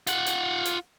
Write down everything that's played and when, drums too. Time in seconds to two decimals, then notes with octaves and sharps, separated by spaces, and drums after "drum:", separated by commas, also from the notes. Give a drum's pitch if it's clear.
0.07 F4 F#5, drum: hi-hat
0.26 drum: hi-hat
0.65 drum: hi-hat